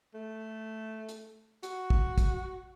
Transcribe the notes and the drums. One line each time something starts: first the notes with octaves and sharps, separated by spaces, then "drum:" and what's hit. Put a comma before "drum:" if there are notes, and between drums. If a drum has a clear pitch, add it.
A3
drum: hi-hat
F#4, drum: hi-hat
drum: kick
drum: kick, hi-hat